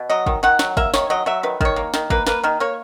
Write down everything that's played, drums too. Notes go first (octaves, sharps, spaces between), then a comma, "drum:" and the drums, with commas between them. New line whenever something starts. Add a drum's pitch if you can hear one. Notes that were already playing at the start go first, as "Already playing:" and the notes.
Already playing: B2
F#3 D#5
D#3, drum: kick
D#3 F#5
F#3, drum: snare
A#3 E5, drum: kick
D#3 C#5, drum: snare
F#3 D#5
F#3 E5
D#3 B4
D#3 C#5, drum: kick
A#3
D#3, drum: snare
A#3 B4, drum: kick
A#3 B4, drum: snare
D#3 A#4
A#3 C#5